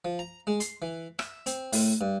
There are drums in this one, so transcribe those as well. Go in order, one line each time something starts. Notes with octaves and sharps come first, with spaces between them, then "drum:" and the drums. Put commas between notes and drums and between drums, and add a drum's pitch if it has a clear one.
F3
A#5
G#3
C6, drum: hi-hat
E3
E5, drum: rim click
C4, drum: hi-hat
A2, drum: open hi-hat
G2